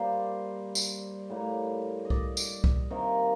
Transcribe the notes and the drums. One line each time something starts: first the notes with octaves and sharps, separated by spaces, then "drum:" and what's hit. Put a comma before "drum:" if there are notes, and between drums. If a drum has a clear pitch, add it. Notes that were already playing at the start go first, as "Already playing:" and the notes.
Already playing: A#2 G3 A#3 C5 D5
drum: tambourine
A2 G3 A#3
D#5
D5, drum: kick C2
drum: tambourine
drum: kick C2
C3 D#3 A#3